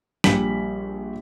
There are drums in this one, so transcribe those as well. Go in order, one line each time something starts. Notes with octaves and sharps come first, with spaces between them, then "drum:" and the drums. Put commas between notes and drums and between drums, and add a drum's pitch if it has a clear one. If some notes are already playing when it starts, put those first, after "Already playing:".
A#1 G3 G#5 B6 F#7, drum: snare